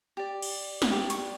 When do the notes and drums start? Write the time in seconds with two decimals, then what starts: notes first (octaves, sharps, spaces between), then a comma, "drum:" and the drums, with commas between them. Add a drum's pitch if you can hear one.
0.17 G4 D5
0.42 drum: cymbal
0.82 drum: snare
0.91 G4 D5 D6
1.10 C#6, drum: hi-hat